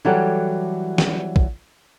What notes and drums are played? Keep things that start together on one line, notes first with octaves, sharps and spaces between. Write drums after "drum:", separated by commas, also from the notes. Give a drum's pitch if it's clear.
E3 F#3 G3 G4 A4 F#5
drum: snare
drum: kick